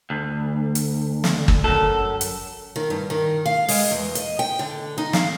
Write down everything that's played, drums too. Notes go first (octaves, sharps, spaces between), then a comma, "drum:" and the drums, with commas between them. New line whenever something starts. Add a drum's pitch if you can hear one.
D2
drum: hi-hat
drum: snare
drum: kick
C#2 F#2 A4
drum: hi-hat
D#3
G2
D#3
F5
G#3, drum: open hi-hat
E2
D#5, drum: hi-hat
G5
D3
D#4
F5, drum: snare